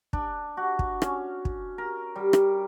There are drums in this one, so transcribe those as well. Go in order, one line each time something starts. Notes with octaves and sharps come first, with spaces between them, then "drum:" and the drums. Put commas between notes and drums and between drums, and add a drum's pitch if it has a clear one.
D4, drum: kick
F#4
drum: kick
C#4, drum: rim click
drum: kick
A#4
G3
drum: rim click